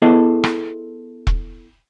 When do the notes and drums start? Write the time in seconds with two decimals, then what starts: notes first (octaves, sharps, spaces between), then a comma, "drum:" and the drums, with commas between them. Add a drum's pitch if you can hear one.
0.02 B3 E4 G#4 A4 C5 D#5
0.44 drum: rim click
1.27 drum: kick E1